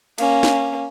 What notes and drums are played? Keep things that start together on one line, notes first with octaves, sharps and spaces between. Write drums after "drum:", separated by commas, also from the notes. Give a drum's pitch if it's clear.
A#3 C#4, drum: cymbal
drum: snare